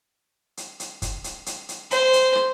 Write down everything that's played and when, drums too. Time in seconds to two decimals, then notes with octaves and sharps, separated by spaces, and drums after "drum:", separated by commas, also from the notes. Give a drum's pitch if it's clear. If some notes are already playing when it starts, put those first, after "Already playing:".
0.57 drum: hi-hat
0.80 drum: hi-hat
1.02 drum: kick, hi-hat
1.24 drum: hi-hat
1.46 drum: hi-hat
1.69 drum: hi-hat
1.91 C5, drum: hi-hat
2.13 drum: hi-hat
2.35 drum: rim click